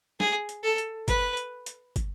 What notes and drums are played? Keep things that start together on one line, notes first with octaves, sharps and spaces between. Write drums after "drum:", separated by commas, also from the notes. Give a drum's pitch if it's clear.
G#4, drum: snare
drum: hi-hat
A4
drum: hi-hat
B4, drum: kick, hi-hat
drum: hi-hat
drum: hi-hat
drum: kick, hi-hat